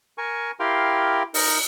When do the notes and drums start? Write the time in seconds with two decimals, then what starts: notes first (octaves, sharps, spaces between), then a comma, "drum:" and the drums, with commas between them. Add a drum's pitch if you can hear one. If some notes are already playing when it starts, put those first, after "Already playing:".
0.18 A#4 G#5 C#6
0.60 E4 G4 A#4 F5 G5 C6
1.34 D#4 A#4, drum: open hi-hat